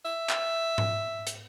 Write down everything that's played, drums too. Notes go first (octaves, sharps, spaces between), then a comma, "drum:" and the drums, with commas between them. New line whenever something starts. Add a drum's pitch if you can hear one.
E5
drum: clap
drum: tom G#2
drum: hi-hat